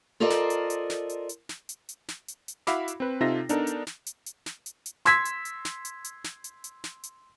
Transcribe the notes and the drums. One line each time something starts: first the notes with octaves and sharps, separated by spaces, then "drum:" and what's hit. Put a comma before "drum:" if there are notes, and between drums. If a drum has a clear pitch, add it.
F4 A4 A#4 C5 D5 D#5
drum: snare
drum: hi-hat
drum: hi-hat
drum: snare
drum: hi-hat
drum: hi-hat
drum: snare
drum: hi-hat
drum: hi-hat
drum: snare
drum: hi-hat
drum: hi-hat
E4 F#4 E5 F5 B5 D6, drum: snare
drum: hi-hat
C4 B4
C3 D#4 F4 A4 E5 A#6
B3 D4 D#4 A4 A#4, drum: hi-hat
drum: hi-hat
drum: snare
drum: hi-hat
drum: hi-hat
drum: snare
drum: hi-hat
drum: hi-hat
C6 E6 G#6 B6, drum: snare
drum: hi-hat
drum: hi-hat
drum: snare
drum: hi-hat
drum: hi-hat
drum: snare
drum: hi-hat
drum: hi-hat
drum: snare
drum: hi-hat